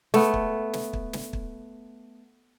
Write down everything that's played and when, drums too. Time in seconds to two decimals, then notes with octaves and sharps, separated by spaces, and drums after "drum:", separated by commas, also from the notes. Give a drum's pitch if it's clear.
0.14 A3 B3, drum: snare
0.34 drum: kick
0.73 drum: snare
0.93 drum: kick
1.13 drum: snare
1.33 drum: kick